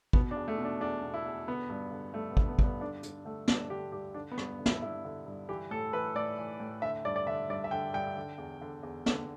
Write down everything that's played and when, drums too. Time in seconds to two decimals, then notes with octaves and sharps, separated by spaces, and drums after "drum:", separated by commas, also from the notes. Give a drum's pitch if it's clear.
0.13 B2 B3, drum: kick
0.31 D4
0.36 E2
0.48 A3
0.58 B2
0.64 D4
0.81 E2 D4
1.03 B2
1.14 E4
1.26 E2
1.47 D3 B3
1.70 G2
1.91 D3
2.14 G2 A3
2.31 B3
2.37 D3, drum: kick
2.48 B3
2.59 G2, drum: kick
2.64 B3
2.81 D3 D4
3.03 G2, drum: hi-hat
3.25 D3 A3
3.48 G2 D4, drum: snare
3.70 D3 G4
3.92 G2 G4
4.14 D3 D4
4.31 B3
4.38 G2, drum: rim click
4.59 D3
4.66 E4, drum: snare
4.82 G2 E4
5.05 D3
5.27 G2
5.49 E3 G4
5.71 A2 A4
5.93 E3 B4
6.15 A2 D5
6.38 E3
6.60 A2
6.82 D3 E5
7.05 G2 D5
7.16 D5
7.27 D3 E5
7.50 G2 D5
7.64 E5
7.71 D3 G5
7.94 G2 G5
8.17 D3
8.38 E2
8.61 D3
8.83 E2
9.06 D3, drum: snare